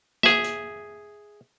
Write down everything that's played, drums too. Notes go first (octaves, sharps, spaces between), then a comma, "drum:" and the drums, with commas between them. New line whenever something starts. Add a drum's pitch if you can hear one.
G#4 E5, drum: snare
drum: hi-hat